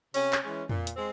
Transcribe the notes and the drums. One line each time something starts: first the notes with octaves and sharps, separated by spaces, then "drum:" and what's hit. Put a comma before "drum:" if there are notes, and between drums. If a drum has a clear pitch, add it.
C3 C#4, drum: open hi-hat
drum: clap
E3 G#3 C#4
A#2, drum: tom
drum: hi-hat
G#3 C4